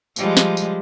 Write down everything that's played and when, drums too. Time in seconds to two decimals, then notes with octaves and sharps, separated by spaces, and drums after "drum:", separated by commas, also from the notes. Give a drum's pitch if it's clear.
0.16 F3 G3 G#3, drum: tambourine
0.37 drum: snare
0.57 drum: tambourine